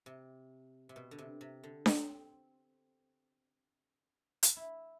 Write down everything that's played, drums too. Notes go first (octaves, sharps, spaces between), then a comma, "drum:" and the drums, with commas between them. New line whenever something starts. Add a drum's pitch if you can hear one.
C3
C3
B2
D3
C3
C3
D3
C4, drum: snare D4
drum: hi-hat
E4